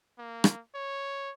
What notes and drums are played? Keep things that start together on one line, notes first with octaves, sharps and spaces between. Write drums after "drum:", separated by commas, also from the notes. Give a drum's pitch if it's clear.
A#3
drum: rim click
C#5